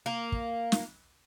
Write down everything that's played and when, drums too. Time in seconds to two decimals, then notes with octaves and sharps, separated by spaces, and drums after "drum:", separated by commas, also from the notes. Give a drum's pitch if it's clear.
0.06 A#3
0.32 drum: kick
0.72 drum: snare